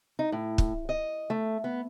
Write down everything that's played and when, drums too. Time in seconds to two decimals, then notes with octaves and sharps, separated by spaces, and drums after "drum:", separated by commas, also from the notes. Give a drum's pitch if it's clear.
0.19 D#4
0.32 A2
0.58 drum: kick
0.89 D#5
1.30 A3
1.64 B3